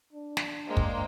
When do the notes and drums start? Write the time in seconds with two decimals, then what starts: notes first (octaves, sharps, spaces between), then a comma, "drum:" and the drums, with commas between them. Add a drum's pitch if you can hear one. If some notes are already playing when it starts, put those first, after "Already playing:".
0.13 D4
0.37 drum: snare
0.67 G#3 A#3 C5 G5
0.77 drum: kick